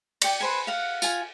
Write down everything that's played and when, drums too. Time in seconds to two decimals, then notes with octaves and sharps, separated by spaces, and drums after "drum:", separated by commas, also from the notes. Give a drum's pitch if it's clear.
0.22 D5 G5, drum: cymbal
0.40 B4 C5 G#5
0.67 F5 F#5
1.02 F4 G#5, drum: tambourine